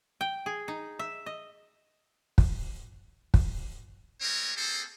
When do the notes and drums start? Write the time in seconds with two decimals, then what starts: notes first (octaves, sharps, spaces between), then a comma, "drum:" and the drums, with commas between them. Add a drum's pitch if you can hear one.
0.21 G5
0.46 G#4
0.68 D#4
0.99 E5
1.26 D#5
2.38 drum: kick
3.34 drum: kick
4.21 G3 G#3 C4 A#4 C#5
4.57 A#3 C4 G#4 A4 C5